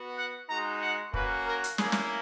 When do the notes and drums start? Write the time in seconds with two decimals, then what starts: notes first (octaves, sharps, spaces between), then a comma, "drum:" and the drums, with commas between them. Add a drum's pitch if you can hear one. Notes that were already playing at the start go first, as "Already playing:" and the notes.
Already playing: B3 F#4
0.17 F#5
0.50 G#3 D#4 F#4 A#5
0.82 F#5
1.14 A#3 C#4 F#4 B4, drum: kick
1.46 A#4
1.64 drum: hi-hat
1.78 A#3 C#4 E4 G#4, drum: snare
1.92 drum: snare